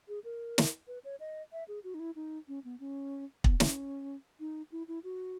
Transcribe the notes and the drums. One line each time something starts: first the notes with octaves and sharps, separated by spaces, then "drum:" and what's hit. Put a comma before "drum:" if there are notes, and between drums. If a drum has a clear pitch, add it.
G#4
A#4
drum: snare
B4
C#5
D#5
E5
G#4
F#4
D#4
E4
D#4
C#4
B3
C#4
B3, drum: kick
C#4, drum: snare
D#4
E4
E4
F#4